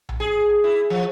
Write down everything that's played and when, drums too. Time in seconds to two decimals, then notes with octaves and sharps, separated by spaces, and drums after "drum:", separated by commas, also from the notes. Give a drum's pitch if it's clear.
0.09 drum: tom A#1
0.20 G#4
0.64 E4
0.90 F3